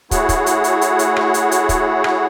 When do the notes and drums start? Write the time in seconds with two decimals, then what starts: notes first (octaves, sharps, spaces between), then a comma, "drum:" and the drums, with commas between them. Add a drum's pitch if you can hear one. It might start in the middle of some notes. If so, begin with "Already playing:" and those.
0.11 A3 E4 F#4 G#4 C#5 F#5, drum: kick, hi-hat
0.29 drum: kick, hi-hat
0.46 drum: hi-hat
0.64 drum: hi-hat
0.81 drum: hi-hat
0.99 drum: hi-hat
1.16 drum: rim click
1.34 drum: hi-hat
1.51 drum: hi-hat
1.69 drum: kick, hi-hat
2.04 drum: rim click